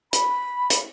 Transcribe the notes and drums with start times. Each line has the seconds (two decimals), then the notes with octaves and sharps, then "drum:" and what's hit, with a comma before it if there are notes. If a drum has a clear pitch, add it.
0.13 B5, drum: hi-hat
0.70 drum: hi-hat